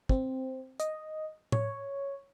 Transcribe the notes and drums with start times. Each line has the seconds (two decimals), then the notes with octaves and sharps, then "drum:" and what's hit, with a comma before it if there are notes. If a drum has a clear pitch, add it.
0.09 C4, drum: kick
0.80 D#5, drum: hi-hat
1.52 C#5, drum: tom A2